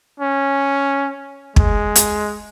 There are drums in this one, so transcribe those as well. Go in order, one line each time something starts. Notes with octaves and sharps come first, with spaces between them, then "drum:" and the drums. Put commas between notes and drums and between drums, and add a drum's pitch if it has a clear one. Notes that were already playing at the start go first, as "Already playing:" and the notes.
C#4
G#3, drum: kick
drum: hi-hat